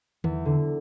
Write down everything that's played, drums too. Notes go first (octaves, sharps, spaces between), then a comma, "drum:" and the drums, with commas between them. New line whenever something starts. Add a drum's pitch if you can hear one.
E2, drum: tom D3
D3